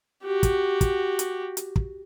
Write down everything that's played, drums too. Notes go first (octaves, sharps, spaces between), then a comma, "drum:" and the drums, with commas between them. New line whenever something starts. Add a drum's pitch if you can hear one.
F#4 G4
drum: kick, hi-hat
drum: kick, hi-hat
drum: hi-hat
drum: hi-hat
drum: kick